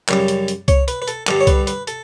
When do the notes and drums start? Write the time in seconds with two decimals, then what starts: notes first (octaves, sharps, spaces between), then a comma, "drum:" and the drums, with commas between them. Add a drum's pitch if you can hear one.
0.09 F#2 C#3 G3, drum: clap
0.28 drum: hi-hat
0.48 drum: hi-hat
0.68 C#5, drum: kick C2, hi-hat
0.88 B4, drum: hi-hat
1.02 B4
1.08 A4, drum: hi-hat
1.27 G2 D3 G3 A4, drum: clap
1.41 C#5
1.47 B4, drum: kick C2, hi-hat
1.67 B4, drum: hi-hat
1.87 A4, drum: hi-hat